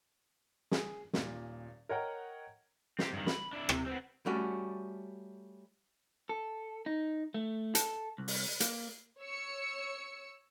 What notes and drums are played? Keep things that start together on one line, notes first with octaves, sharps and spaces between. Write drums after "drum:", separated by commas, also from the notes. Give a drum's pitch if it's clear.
G#4, drum: snare
D#1 A#2, drum: snare
A#4 C#5 D#5 F#5 G5 A#5
C4 G4, drum: snare
G2 D#3
B5, drum: snare
D4 E4
C3, drum: rim click
B3 C4
G3 A3 C#4 F#4
A4
D#4
A3
A4, drum: hi-hat
C2
drum: open hi-hat
A#3, drum: hi-hat
C#5 E6 C#7